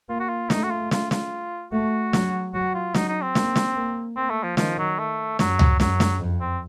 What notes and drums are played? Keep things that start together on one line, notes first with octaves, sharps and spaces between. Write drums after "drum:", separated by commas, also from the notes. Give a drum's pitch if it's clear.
A#3 F4
F#4
F4
A3 D#4, drum: snare
F#4
F4
F4, drum: snare
F4, drum: snare
A3 F#4
F#3, drum: snare
F#3 F#4
F4
F#3 D#4, drum: snare
D#4
C4
A#3, drum: snare
drum: snare
A#3
A#3 C4
A3
F3
D#3 F3, drum: snare
F#3
A3
F#2 F#3, drum: snare
drum: tom C#2
F#2 F#3, drum: snare
drum: snare
F2
C4